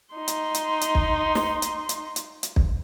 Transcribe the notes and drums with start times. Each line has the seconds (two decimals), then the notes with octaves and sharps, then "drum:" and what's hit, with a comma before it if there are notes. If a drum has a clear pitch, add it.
0.14 D#4 C6
0.28 drum: hi-hat
0.54 drum: hi-hat
0.81 drum: hi-hat
0.95 drum: kick
1.35 drum: snare
1.62 drum: hi-hat
1.89 drum: hi-hat
2.16 drum: hi-hat
2.43 drum: hi-hat
2.56 drum: kick